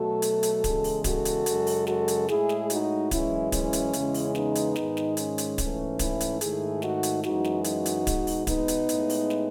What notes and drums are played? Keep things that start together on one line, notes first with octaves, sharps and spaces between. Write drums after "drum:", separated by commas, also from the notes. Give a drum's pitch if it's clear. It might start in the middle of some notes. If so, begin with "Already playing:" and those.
Already playing: B2 F#3 A3 F#4 A4
drum: hi-hat
drum: hi-hat
E2 C#3 G#3, drum: kick D1, hi-hat
drum: open hi-hat
F#4 A4, drum: kick D1, hi-hat
drum: hi-hat
F#2 C#3 G#3, drum: hi-hat
drum: open hi-hat
F#4 A4, drum: snare
drum: hi-hat
A2 G#3 E4 G#4, drum: snare
drum: snare
D#4 F#4, drum: hi-hat
F#2 E3 G#3 C#4 E4, drum: kick D1, hi-hat
C#4 E4, drum: kick D1, hi-hat
drum: hi-hat
E2 C#3 G#3, drum: hi-hat
drum: open hi-hat
B3 D#4, drum: snare
drum: hi-hat
G#2 D#3 G#3, drum: snare
drum: snare
C#4, drum: hi-hat
drum: hi-hat
G#2 E3 A3, drum: kick D1, hi-hat
C#4 E4, drum: kick D1, hi-hat
drum: hi-hat
G#2 D#3 A3 E4 G#4, drum: hi-hat
D#4 F#4, drum: snare
drum: hi-hat
F#2 E3 G#3 D#4 F#4, drum: snare
drum: snare
D#4 F#4, drum: hi-hat
drum: hi-hat
B2 G#3, drum: kick D1, hi-hat
drum: open hi-hat
B3 D#4, drum: kick D1, hi-hat
drum: hi-hat
A2 G#3, drum: hi-hat
drum: open hi-hat
drum: snare